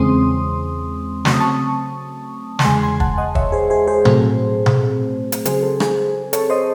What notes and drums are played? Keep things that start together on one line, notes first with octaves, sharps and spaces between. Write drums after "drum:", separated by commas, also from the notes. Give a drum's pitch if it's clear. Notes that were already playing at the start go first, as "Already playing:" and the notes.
Already playing: E2 C#3 G#3 C4 C6 D#6
C#3 F#3 A3 C4 C#6, drum: snare
D#6
A5 C#6
A5, drum: snare
E2 C#3 G#3 G#5 C6
G#5 C6
F#5 A5, drum: kick
D#5 F#5
C#5 E5, drum: kick
G#4 C5
G#4 C5
G#4 C5
A2 F#3 A3 C4, drum: tom B2
drum: tom B2
drum: hi-hat
C#3 F#3 C4 G#4 C5, drum: hi-hat
A4
G#4, drum: rim click
A4 C#5, drum: hi-hat
C5 D#5